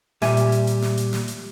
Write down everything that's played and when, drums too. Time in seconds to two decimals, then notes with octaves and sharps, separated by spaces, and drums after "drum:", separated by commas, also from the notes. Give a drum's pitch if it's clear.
0.22 A#2 G3 E5 G#5, drum: snare
0.37 drum: hi-hat
0.52 drum: hi-hat
0.67 drum: hi-hat
0.82 drum: snare
0.97 drum: hi-hat
1.13 drum: snare
1.28 drum: hi-hat